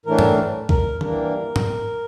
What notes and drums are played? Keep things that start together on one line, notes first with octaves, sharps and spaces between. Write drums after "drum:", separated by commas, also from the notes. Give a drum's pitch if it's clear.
A2 E3 A3 D4 A#4
drum: tom
A#4, drum: kick C2
G2 E3 G3 A#3 D4 A#4, drum: tom
drum: tom